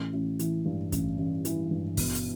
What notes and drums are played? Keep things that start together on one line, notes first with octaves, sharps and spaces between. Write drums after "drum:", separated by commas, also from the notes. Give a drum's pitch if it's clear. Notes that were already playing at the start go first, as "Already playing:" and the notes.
Already playing: A1
A1
E3, drum: hi-hat
G2
A1, drum: kick, hi-hat
A1
E3, drum: hi-hat
G2
B2, drum: kick, open hi-hat
drum: hi-hat